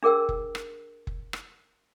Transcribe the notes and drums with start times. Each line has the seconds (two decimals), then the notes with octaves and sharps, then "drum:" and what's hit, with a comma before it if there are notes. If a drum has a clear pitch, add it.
0.03 D4 G#4 A#4 G5 E6
0.29 drum: kick
0.55 drum: rim click
1.07 drum: kick
1.33 drum: rim click